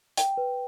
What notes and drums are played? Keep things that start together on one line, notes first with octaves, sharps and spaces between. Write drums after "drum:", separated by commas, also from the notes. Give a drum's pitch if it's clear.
G5, drum: hi-hat
B4